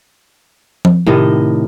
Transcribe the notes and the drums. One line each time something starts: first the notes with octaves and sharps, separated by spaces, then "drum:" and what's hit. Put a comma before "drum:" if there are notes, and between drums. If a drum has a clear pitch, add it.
drum: tom F3
A2 C3 D#3 D#5